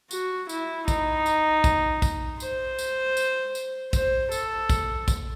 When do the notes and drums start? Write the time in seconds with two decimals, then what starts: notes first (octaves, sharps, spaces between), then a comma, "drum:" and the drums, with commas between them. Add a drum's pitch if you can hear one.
0.11 F#4, drum: tambourine
0.49 E4, drum: tambourine
0.88 D#4, drum: kick A#1, tambourine
1.26 drum: tambourine
1.64 drum: kick A#1, tambourine
2.02 drum: kick A#1, tambourine
2.40 C5, drum: tambourine
2.79 drum: tambourine
3.17 drum: tambourine
3.55 drum: tambourine
3.93 C5, drum: kick A#1, tambourine
4.32 A4, drum: tambourine
4.70 drum: kick A#1, tambourine
5.08 drum: kick A#1, tambourine